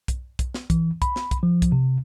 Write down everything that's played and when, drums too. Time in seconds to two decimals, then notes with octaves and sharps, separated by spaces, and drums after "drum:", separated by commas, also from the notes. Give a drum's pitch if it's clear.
0.08 drum: kick, hi-hat
0.39 drum: kick, hi-hat
0.54 drum: snare
0.70 E3, drum: kick, hi-hat
1.02 B5, drum: kick, hi-hat
1.16 drum: snare
1.31 drum: kick, hi-hat
1.43 F3
1.62 drum: kick, hi-hat
1.72 C3